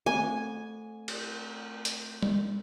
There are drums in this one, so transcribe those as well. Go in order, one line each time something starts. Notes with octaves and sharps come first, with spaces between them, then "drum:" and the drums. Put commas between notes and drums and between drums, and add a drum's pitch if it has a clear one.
A3 C4 G#5
drum: cymbal
drum: hi-hat
drum: tom G3